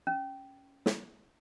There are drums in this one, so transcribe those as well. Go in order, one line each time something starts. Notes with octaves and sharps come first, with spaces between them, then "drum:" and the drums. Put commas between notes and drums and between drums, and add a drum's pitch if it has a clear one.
C#4
drum: snare